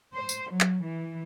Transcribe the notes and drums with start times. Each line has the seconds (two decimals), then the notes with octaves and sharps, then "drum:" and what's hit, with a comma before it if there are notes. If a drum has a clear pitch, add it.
0.13 C5
0.29 drum: tambourine
0.51 F#3
0.60 drum: clap
0.84 E3